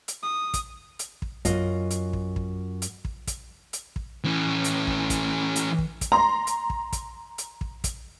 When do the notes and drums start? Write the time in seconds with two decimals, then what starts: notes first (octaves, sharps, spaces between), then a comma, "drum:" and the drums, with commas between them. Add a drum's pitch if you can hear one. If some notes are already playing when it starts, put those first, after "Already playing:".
0.08 drum: hi-hat
0.23 D#6
0.54 drum: kick, hi-hat
0.99 drum: hi-hat
1.22 drum: kick
1.45 F#2 F4 D#5, drum: kick, hi-hat
1.90 drum: hi-hat
2.13 drum: kick
2.36 drum: kick
2.82 drum: hi-hat
3.05 drum: kick
3.27 drum: kick, hi-hat
3.73 drum: hi-hat
3.96 drum: kick
4.24 E3 C#4
4.64 drum: hi-hat
4.87 drum: kick
5.10 drum: kick, hi-hat
5.56 drum: hi-hat
5.78 drum: kick
6.01 drum: kick, hi-hat
6.12 A#5 C6
6.47 drum: hi-hat
6.70 drum: kick
6.93 drum: kick, hi-hat
7.38 drum: hi-hat
7.61 drum: kick
7.84 drum: kick, hi-hat